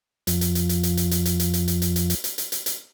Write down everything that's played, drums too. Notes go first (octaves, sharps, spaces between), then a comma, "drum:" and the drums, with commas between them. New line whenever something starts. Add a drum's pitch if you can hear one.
F2 F3, drum: hi-hat
drum: hi-hat
drum: hi-hat
drum: hi-hat
drum: hi-hat
drum: hi-hat
drum: hi-hat
drum: hi-hat
drum: hi-hat
drum: hi-hat
drum: hi-hat
drum: hi-hat
drum: hi-hat
drum: hi-hat
drum: hi-hat
drum: hi-hat
drum: hi-hat
drum: hi-hat